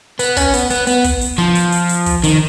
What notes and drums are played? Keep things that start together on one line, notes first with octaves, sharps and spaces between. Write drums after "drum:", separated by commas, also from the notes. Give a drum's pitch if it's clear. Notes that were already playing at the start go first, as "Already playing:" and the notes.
B3, drum: hi-hat
C#4, drum: kick, hi-hat
B3, drum: hi-hat
B3, drum: hi-hat
B3, drum: hi-hat
drum: kick, hi-hat
drum: hi-hat
F3, drum: snare
drum: hi-hat
drum: hi-hat
drum: hi-hat
drum: kick, hi-hat
D#3, drum: hi-hat